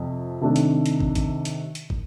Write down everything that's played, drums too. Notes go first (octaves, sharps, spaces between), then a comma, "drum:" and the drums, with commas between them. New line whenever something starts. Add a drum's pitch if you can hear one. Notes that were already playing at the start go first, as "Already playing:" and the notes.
Already playing: F2 C3 F3
C3 D#3 A3 D4
drum: hi-hat
drum: hi-hat
drum: kick
drum: kick, hi-hat
drum: hi-hat
drum: hi-hat
drum: kick